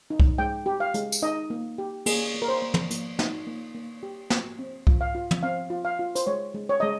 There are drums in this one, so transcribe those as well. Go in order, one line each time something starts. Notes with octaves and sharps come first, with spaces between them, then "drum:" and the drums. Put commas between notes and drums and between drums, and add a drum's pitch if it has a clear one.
D#4
drum: kick C2
G#3 G5
G4
F5
G#3, drum: hi-hat
drum: tambourine
D#4 D#5
A#3
G4
A#3 G#4, drum: cymbal
A#3
A#4
C5
A#3
drum: tom
A#3, drum: hi-hat
D#4, drum: snare
A#3
A#3
G4
A#3, drum: snare
C4
F4, drum: kick C2
F5
F4
drum: tom
C4 F5
F4
F5
F4
C5, drum: hi-hat
G#3 C#5
G#3
C#5
G#3 D#5